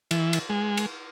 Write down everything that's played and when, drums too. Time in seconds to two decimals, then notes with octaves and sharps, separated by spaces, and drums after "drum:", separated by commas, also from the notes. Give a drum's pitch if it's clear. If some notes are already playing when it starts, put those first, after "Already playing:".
0.11 E3, drum: cymbal
0.33 drum: cymbal
0.50 G#3
0.77 drum: cymbal